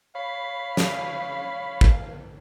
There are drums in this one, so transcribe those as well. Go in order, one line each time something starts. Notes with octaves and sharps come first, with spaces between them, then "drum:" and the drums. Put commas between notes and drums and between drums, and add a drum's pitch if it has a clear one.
C#5 F5 B5
drum: snare
drum: kick